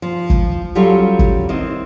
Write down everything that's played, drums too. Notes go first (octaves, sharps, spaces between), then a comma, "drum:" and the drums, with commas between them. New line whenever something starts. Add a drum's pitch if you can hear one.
F3
drum: kick
F#3 G3 C#4 F4 G4 A4
drum: kick
D#3 C4 E4 D#5